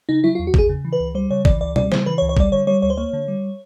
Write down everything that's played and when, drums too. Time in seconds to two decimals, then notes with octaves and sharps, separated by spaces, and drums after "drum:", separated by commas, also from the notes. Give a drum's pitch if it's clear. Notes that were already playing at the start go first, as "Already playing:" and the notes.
0.09 C#3 D#4
0.24 F#3 E4
0.35 F4
0.39 E2
0.47 F#4
0.54 E2 G#4, drum: kick
0.69 C#3
0.85 E3
0.93 B4
1.00 C#2
1.15 G3 C5
1.31 C#3 C#5
1.45 E3 D5, drum: kick
1.61 C#2 D5
1.76 G3 D5, drum: tom B2
1.92 C#3 C5, drum: snare
2.06 E3 B4
2.18 C#5
2.22 C#2
2.29 C#5
2.37 G3 D5, drum: kick
2.52 D3 C#5
2.67 G3 C#5
2.82 D2 C#5
2.90 C5
2.97 A#3 C#5
3.13 D3
3.28 G3